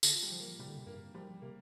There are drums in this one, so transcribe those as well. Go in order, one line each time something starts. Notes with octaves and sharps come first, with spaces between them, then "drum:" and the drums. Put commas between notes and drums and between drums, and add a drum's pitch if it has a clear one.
D3 F3, drum: tambourine
G3
F3
A#3
C3 G3
D3
C3
G2 A#3
F3 G3
C3 A#3